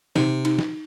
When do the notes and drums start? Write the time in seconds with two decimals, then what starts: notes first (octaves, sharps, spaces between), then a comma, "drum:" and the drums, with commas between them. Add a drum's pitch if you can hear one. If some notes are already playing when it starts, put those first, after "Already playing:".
0.16 C3 D#4, drum: snare
0.45 D#4, drum: cymbal
0.59 drum: snare